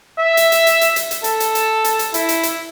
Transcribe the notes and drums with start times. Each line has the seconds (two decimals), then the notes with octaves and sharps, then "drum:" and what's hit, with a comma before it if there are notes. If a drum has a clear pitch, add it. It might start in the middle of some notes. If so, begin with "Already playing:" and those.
0.19 E5
0.37 drum: hi-hat
0.52 drum: hi-hat
0.67 drum: hi-hat
0.81 drum: hi-hat
0.96 drum: hi-hat
1.11 drum: hi-hat
1.24 A4, drum: hi-hat
1.40 drum: hi-hat
1.55 drum: hi-hat
1.84 drum: hi-hat
1.99 drum: hi-hat
2.14 E4, drum: hi-hat
2.29 drum: hi-hat
2.43 drum: hi-hat